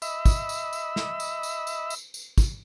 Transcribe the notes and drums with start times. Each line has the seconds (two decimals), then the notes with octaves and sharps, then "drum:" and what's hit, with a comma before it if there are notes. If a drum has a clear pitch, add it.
0.02 D#5 E5 B5 E6, drum: tambourine
0.25 drum: kick, tambourine
0.49 drum: tambourine
0.73 drum: tambourine
0.96 drum: snare
1.20 drum: tambourine
1.43 drum: tambourine
1.67 drum: tambourine
1.90 drum: tambourine
2.14 drum: tambourine
2.38 drum: kick, tambourine